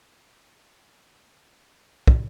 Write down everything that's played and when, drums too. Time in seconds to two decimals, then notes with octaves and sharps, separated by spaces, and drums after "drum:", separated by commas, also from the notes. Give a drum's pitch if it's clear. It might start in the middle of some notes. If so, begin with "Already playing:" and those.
0.13 F#4 A#4 F5 A#5 C6
2.07 drum: kick